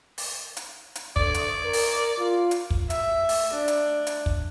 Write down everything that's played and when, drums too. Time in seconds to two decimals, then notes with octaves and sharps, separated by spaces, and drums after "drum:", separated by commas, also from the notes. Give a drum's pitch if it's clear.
0.18 drum: open hi-hat
0.57 drum: hi-hat
0.95 drum: hi-hat
1.16 D3 D5, drum: kick
1.34 drum: hi-hat
1.64 A#4
1.73 drum: open hi-hat
2.18 F4
2.51 drum: hi-hat
2.70 drum: kick
2.90 E5, drum: hi-hat
3.29 drum: open hi-hat
3.53 D4
3.68 drum: hi-hat
4.07 drum: hi-hat
4.26 drum: kick